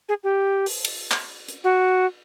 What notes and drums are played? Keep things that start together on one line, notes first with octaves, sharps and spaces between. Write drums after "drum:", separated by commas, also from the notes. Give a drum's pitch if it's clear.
G#4
G4
drum: open hi-hat
drum: cymbal
drum: clap
drum: hi-hat
F#4